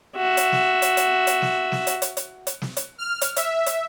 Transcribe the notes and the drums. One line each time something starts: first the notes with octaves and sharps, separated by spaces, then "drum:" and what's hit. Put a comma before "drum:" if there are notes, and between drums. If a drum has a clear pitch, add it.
F#4 E5
drum: hi-hat
drum: snare
drum: hi-hat
drum: hi-hat
drum: hi-hat
drum: snare
drum: snare
drum: hi-hat
drum: hi-hat
drum: hi-hat
drum: hi-hat
drum: snare
drum: hi-hat
F6
drum: hi-hat
E5, drum: hi-hat
drum: hi-hat